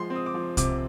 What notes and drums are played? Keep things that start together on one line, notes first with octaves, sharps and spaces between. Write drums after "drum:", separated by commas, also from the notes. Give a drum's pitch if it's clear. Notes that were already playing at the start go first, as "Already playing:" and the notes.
Already playing: F3 G#3 C6
C4
D#6
D6
F3
C3 D6, drum: kick, hi-hat